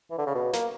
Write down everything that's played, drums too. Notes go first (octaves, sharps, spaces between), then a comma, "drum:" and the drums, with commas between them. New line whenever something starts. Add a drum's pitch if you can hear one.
E3
D3
C#3
B2
A#3, drum: snare